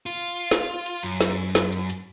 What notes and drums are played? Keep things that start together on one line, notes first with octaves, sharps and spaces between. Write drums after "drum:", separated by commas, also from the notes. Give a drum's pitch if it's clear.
F4
drum: snare
drum: hi-hat
F#2, drum: hi-hat
drum: snare
drum: snare
drum: hi-hat
drum: hi-hat